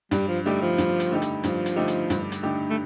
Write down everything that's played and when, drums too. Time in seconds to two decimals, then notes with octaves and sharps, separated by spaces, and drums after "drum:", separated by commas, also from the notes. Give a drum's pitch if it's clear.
0.11 G2 G3, drum: hi-hat
0.28 F3
0.44 D3 G3 A3 D#4 G4
0.62 F3
0.78 G2, drum: hi-hat
1.00 drum: hi-hat
1.11 D3 A3 D#4 G4
1.22 drum: hi-hat
1.44 G2 F3, drum: hi-hat
1.66 drum: hi-hat
1.76 D3 A3 D#4 G4
1.88 drum: hi-hat
2.10 G2, drum: hi-hat
2.32 drum: hi-hat
2.43 D3 A3 D#4 G4
2.70 A3